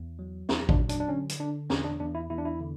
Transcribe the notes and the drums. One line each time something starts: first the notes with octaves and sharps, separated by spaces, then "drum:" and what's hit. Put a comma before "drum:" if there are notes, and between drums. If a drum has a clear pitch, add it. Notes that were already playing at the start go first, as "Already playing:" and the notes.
Already playing: E2
F#3
E2 E4, drum: snare
D4, drum: kick G#1
F#3
D4, drum: hi-hat
D4
D3 C#4
drum: hi-hat
D3 D4
E2 C#4, drum: snare
D4
E2 D4
E4
E2 E4
D4
E4
D3